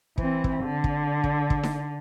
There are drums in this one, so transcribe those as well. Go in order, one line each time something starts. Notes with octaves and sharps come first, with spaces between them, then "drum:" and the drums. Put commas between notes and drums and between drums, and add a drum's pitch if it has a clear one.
E3 C4, drum: kick
drum: kick
D3
drum: kick
drum: kick
drum: kick
drum: snare D#4